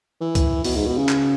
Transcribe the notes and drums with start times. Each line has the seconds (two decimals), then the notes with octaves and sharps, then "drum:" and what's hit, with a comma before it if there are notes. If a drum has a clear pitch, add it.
0.21 E3
0.35 drum: kick C#2, hi-hat
0.64 B2, drum: open hi-hat
0.76 G#2
0.86 B2
0.97 C#3
1.09 drum: clap